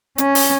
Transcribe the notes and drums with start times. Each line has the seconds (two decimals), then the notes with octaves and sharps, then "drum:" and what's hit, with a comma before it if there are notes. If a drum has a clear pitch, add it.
0.18 C#4, drum: hi-hat
0.35 drum: open hi-hat